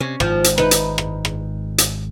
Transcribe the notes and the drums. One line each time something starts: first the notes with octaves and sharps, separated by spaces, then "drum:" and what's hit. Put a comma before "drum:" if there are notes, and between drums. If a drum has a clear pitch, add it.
C3 C#4
G#1 G#2 F3, drum: rim click
drum: hi-hat
D#4 B4, drum: rim click
drum: hi-hat
drum: rim click
drum: rim click
drum: hi-hat